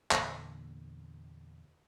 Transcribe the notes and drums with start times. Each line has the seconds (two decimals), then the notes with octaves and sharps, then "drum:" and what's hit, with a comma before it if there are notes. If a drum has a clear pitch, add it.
0.11 E2 A#2 D3 A#3, drum: clap